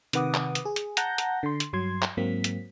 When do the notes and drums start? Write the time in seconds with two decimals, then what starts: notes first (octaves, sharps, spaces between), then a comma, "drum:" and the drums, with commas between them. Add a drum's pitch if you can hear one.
0.13 C3 D#3 B4 F#5 D6 D#6, drum: hi-hat
0.34 drum: clap
0.55 drum: hi-hat
0.65 G#4
0.76 drum: hi-hat
0.97 F#5 A5 A#5 G6 A#6, drum: hi-hat
1.18 drum: hi-hat
1.43 D3 C6
1.60 drum: hi-hat
1.73 G2 F#3 C6 G#6
2.02 drum: clap
2.17 G#2 F#3 A#3 C4 B6
2.44 drum: hi-hat